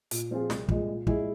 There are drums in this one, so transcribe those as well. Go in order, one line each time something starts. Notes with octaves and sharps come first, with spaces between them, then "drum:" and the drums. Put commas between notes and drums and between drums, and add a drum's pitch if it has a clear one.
A#2, drum: hi-hat
F3 C4 F4 G#4
C2, drum: snare
A#2 G#3, drum: kick
A#2
G#3 E4 G#4, drum: kick